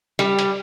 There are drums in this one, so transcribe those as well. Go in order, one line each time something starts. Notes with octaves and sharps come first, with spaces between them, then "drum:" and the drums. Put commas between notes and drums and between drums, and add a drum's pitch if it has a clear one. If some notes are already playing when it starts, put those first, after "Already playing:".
G3, drum: hi-hat
drum: hi-hat